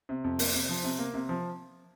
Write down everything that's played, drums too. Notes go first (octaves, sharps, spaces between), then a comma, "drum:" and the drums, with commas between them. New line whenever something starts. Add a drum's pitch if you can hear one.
C3
F2
A#3, drum: open hi-hat
C3
F3
C3
A#3
C3
F3